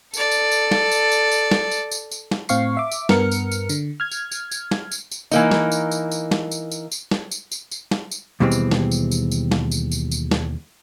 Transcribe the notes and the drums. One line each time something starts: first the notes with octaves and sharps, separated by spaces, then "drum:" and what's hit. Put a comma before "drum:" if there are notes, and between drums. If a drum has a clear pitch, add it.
A4 D5, drum: tambourine
drum: tambourine
drum: tambourine
drum: snare
drum: tambourine
drum: tambourine
drum: tambourine
drum: snare
drum: tambourine
drum: tambourine
drum: tambourine
drum: snare
A2 C4 F5 C#6 C7, drum: tambourine
E5 D6
drum: tambourine
G2 B3 A#4 F6 C#7, drum: snare
drum: tambourine
drum: tambourine
D3, drum: tambourine
F6 G#6
drum: tambourine
drum: tambourine
drum: tambourine
drum: snare
drum: tambourine
drum: tambourine
E3 A#3 D#4, drum: tambourine
drum: snare
drum: tambourine
drum: tambourine
drum: tambourine
drum: snare
drum: tambourine
drum: tambourine
drum: tambourine
drum: snare
drum: tambourine
drum: tambourine
drum: tambourine
drum: snare
drum: tambourine
D#2 B2 E3 G3 G#3 C4
drum: tambourine
drum: snare
drum: tambourine
drum: tambourine
drum: tambourine
drum: snare
drum: tambourine
drum: tambourine
drum: tambourine
drum: snare